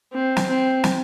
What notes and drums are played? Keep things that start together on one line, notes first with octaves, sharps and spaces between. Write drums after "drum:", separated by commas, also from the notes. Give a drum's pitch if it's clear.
C4
drum: snare
C4
drum: snare